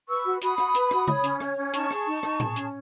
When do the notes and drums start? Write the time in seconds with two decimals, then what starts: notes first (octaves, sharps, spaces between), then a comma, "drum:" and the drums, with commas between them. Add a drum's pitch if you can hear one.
0.08 B4 C#6 E6
0.25 F#4
0.41 F#4 B5 D#6, drum: hi-hat
0.58 F#4, drum: rim click
0.75 B4, drum: hi-hat
0.91 F#4, drum: rim click
1.08 C#5, drum: tom C#3
1.24 C#4, drum: hi-hat
1.40 C#5, drum: rim click
1.57 C#4
1.73 D#4 A5 C#6, drum: hi-hat
1.91 G#4, drum: rim click
2.07 D#4
2.23 D#4, drum: rim click
2.40 G#4, drum: tom A2
2.56 C#4, drum: hi-hat